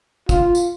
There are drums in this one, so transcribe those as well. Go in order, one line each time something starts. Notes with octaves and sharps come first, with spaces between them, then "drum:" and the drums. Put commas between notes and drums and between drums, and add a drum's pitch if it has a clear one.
F4, drum: kick, tambourine
drum: tambourine